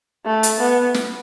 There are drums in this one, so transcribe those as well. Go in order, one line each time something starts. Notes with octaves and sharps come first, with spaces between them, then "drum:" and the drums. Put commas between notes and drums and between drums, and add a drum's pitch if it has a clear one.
A3
drum: hi-hat
B3
drum: snare